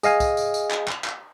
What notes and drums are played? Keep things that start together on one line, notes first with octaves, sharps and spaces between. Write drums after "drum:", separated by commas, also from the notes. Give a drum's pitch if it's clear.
G#4 D#5 F5 G#5, drum: tambourine
drum: kick, tambourine
drum: tambourine
drum: tambourine
drum: clap
drum: clap
drum: clap